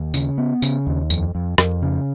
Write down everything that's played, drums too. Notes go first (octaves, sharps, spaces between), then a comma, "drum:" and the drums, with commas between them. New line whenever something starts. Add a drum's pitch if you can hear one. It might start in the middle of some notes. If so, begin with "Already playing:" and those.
Already playing: D#2
C#3, drum: tambourine
B3
C#3, drum: tambourine
D#2
F2, drum: tambourine
F2
F2, drum: rim click
C#3